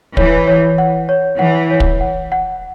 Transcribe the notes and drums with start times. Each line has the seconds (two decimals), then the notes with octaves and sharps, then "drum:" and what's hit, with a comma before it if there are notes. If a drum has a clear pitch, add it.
0.17 E3 C#5, drum: kick
0.47 C#5
0.78 F#5
1.09 C#5
1.39 E3 F#5
1.71 C#5
1.80 drum: kick
2.01 F#5
2.32 F#5